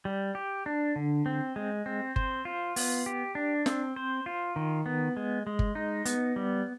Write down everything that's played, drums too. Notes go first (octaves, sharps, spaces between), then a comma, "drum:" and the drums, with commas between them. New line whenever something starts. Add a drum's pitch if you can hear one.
G3
G4
D4
D3
C4
G#3
C4
C5, drum: kick G1
F4
B3, drum: open hi-hat
G4
D4
C4, drum: snare
C5
F4
D#3
B3
G#3
G#3
drum: kick G1
D#4
B3, drum: hi-hat
G3